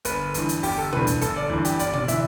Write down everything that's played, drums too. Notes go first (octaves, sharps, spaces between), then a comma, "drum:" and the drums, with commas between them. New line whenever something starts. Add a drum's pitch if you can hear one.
G1 B4, drum: hi-hat
G2 E3, drum: hi-hat
drum: hi-hat
G1 G4, drum: open hi-hat
A4
G2 E3 B4, drum: tom
drum: kick, hi-hat
G1 A4, drum: hi-hat
D5
G2 E3, drum: kick
G4, drum: hi-hat
G1 D5, drum: hi-hat
D5, drum: tom
E3 E5, drum: hi-hat